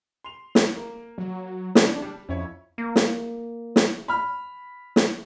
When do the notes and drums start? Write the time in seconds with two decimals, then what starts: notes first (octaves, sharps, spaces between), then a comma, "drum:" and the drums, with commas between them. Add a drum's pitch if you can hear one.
0.24 C6 F7
0.55 drum: snare
0.76 A#3
1.18 F#3
1.75 C#3 D4, drum: snare
2.02 G3
2.29 F2 C#4 E4 C#5
2.78 A#3
2.96 drum: snare
3.76 drum: snare
4.08 B5 F6
4.96 drum: snare